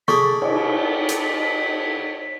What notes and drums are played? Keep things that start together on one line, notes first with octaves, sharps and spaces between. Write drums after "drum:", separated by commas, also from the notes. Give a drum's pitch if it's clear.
G#4 A4 D5 C#6 B6, drum: tom C3
drum: cymbal
drum: hi-hat